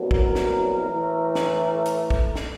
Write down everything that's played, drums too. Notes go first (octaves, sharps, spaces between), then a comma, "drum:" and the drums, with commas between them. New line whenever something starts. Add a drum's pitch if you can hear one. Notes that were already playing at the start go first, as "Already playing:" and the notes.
Already playing: C2 B2 F#3 A#3
A#4, drum: kick
drum: snare
A2 E3 A3
drum: snare
drum: hi-hat
drum: kick
drum: snare